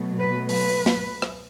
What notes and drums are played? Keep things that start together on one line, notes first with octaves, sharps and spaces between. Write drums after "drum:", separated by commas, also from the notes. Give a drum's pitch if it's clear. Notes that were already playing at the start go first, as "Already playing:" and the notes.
Already playing: B2 F#3 A3
B4
B4, drum: open hi-hat
drum: snare
drum: rim click